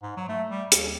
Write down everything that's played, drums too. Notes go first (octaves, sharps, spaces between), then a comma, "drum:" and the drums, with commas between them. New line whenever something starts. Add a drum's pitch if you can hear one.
G#2
F#3
A3
G3
D#2, drum: hi-hat